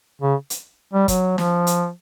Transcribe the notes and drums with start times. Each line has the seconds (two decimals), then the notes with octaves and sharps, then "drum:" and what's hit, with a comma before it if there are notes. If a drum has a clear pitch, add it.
0.22 C#3
0.50 drum: hi-hat
0.93 G3
1.08 F#3, drum: kick, hi-hat
1.38 F3, drum: snare
1.67 drum: hi-hat